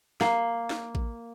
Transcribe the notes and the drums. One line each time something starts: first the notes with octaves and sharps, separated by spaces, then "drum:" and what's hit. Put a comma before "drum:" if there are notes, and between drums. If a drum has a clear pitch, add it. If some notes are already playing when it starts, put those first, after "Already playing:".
A#3, drum: snare
drum: snare
drum: kick A1